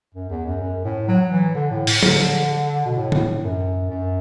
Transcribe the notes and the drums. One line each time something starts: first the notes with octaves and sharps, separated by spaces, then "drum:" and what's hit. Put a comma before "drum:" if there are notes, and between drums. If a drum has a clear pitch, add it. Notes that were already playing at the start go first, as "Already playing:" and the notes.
F#2
E2
F#2
F#2
A2
F#3
E3
D3
A2
A2, drum: open hi-hat
D3, drum: tom F3
B2
A2
drum: tom D3
F#2
F#2